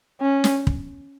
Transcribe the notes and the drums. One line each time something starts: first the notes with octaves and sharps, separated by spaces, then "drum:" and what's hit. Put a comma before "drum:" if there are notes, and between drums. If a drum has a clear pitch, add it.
C#4
drum: snare
drum: kick